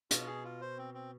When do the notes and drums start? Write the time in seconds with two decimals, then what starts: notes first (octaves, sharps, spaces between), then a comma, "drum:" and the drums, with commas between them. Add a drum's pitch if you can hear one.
0.11 B2 F4, drum: hi-hat
0.27 G#4
0.44 F4
0.61 C5
0.78 C4
0.94 C4